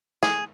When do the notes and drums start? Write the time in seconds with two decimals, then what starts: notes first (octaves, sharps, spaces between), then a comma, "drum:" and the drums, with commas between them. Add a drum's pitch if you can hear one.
0.23 G#4, drum: snare